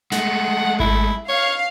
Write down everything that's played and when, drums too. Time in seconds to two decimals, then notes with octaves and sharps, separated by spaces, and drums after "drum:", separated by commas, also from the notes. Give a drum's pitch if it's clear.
0.12 G#3 A3 F#5, drum: snare
0.80 E4, drum: kick G#1
1.29 C#5 F5